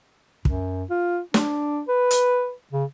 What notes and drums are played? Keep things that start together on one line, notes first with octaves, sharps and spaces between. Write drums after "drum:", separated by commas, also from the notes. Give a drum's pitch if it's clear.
F#2, drum: kick
F4
D4, drum: snare
B4
drum: hi-hat
C#3